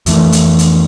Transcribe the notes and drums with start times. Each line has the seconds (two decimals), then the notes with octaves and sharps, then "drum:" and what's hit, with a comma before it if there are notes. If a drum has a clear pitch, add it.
0.06 F2 E3 A3, drum: hi-hat
0.32 drum: hi-hat
0.59 drum: hi-hat